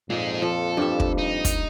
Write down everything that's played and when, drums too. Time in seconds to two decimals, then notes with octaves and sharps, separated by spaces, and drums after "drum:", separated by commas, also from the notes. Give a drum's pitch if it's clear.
0.10 F2 A#2 G#3 D#4
0.42 F3 A4
0.77 G2 G3 E5
1.00 drum: kick
1.18 D#4
1.45 drum: kick, hi-hat